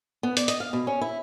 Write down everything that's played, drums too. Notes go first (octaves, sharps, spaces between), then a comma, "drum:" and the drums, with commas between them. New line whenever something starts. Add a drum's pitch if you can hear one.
B3
D5, drum: hi-hat
D#5, drum: hi-hat
F5
B2
C#4
E4